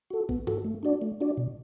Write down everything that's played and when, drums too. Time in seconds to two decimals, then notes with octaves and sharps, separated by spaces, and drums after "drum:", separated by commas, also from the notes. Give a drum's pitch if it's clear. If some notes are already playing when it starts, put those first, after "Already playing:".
0.11 F#4 A4
0.29 B3, drum: kick A1
0.47 F#4 A4, drum: tom G2
0.65 A3
0.83 D4 F#4 D5
1.02 A3
1.20 D4 F#4 D5
1.38 B2